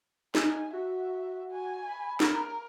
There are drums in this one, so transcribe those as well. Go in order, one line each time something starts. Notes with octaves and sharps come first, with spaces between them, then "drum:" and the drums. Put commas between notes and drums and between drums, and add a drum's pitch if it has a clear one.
D#4 G#5, drum: snare
F#4 E5
G#5
B5
A#4, drum: snare